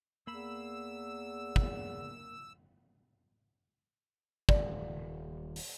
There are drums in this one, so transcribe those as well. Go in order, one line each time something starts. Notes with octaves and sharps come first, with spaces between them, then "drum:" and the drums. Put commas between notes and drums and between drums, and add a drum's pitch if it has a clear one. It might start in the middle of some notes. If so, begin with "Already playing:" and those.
E2 A#3 B5 E6
drum: kick
D#1 D5, drum: kick
drum: open hi-hat